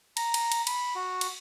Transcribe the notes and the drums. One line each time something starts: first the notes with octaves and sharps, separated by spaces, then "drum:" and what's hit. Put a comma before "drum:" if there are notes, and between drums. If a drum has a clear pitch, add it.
A#5, drum: cymbal
drum: cymbal
drum: cymbal
B5, drum: cymbal
F#4
drum: cymbal